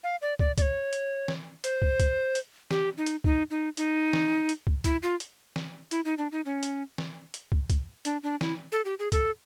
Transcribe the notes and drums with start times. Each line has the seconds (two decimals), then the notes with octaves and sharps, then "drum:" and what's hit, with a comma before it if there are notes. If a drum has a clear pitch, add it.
0.04 F5
0.22 D5
0.39 D5, drum: kick
0.58 D5, drum: kick, hi-hat
0.62 C#5
0.93 drum: hi-hat
1.28 drum: snare
1.64 C5, drum: hi-hat
1.82 drum: kick
2.00 drum: kick, hi-hat
2.35 drum: hi-hat
2.71 G4, drum: snare
2.97 D#4
3.06 drum: hi-hat
3.24 D#4, drum: kick
3.51 D#4
3.77 D#4, drum: hi-hat
4.13 drum: snare
4.49 drum: hi-hat
4.67 drum: kick
4.84 E4, drum: kick, hi-hat
5.03 F4
5.20 drum: hi-hat
5.56 drum: snare
5.91 E4, drum: hi-hat
6.05 D#4
6.18 D4
6.32 D#4
6.45 C#4
6.63 drum: hi-hat
6.98 drum: snare
7.34 drum: hi-hat
7.52 drum: kick
7.70 drum: kick, hi-hat
8.05 D4, drum: hi-hat
8.23 D4
8.41 E4, drum: snare
8.72 A4
8.85 G4
8.99 G#4
9.12 A4, drum: kick, hi-hat